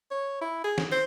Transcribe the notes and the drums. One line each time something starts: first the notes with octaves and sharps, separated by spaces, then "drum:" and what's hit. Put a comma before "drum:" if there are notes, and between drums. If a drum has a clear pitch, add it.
C#5
E4
G#4
drum: snare
C5